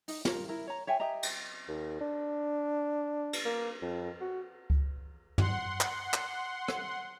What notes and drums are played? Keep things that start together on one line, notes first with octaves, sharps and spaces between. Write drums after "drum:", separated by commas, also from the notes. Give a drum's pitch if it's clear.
D#4 D#5, drum: open hi-hat
F4 A#4, drum: snare
E4 A#4
C#5 A#5
C#5 E5 G5 G#5
G4 D#5 E5 A#5
drum: cymbal
D#2
D4
drum: cymbal
A#3
F2
F#4
drum: kick C#2
F#5 C6, drum: tom
drum: clap
drum: clap
drum: rim click